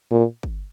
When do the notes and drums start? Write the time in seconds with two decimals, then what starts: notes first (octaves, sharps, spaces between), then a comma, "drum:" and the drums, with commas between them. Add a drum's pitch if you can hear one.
0.11 A#2
0.43 drum: kick